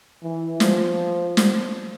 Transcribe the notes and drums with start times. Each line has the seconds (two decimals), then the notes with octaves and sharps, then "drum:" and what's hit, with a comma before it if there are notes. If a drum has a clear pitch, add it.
0.23 E3
0.60 F3, drum: snare
1.37 drum: snare